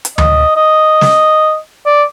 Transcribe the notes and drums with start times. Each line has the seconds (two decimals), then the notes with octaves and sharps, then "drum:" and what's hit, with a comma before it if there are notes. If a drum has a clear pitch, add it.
0.05 drum: hi-hat
0.18 D#5, drum: tom D2
0.56 D#5
1.01 drum: snare
1.86 D5